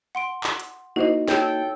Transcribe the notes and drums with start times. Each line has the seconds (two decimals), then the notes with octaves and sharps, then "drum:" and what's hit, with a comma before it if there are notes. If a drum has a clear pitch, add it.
0.15 F#5 C6 D7
0.44 drum: clap
0.59 drum: hi-hat
0.96 A#3 D#4 E4 F#4 C5 D#5
1.28 A4 C#5 G5, drum: snare